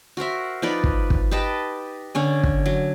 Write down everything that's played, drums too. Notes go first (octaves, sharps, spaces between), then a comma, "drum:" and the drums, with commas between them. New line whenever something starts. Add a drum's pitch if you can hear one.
F#4 A#4 C5 E5
F3 D#4 B4 D5
drum: kick
drum: kick
G4 B4 D#5 A5
D3 C#4 G#5
drum: kick
F#3